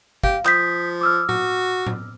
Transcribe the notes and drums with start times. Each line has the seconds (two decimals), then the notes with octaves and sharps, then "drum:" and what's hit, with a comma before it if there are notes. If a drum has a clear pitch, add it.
0.23 G4 F5, drum: kick
0.45 F3 D#6 G6 B6, drum: clap
1.01 D6 E6 F6
1.29 F#4, drum: tom A2
1.87 drum: tom A2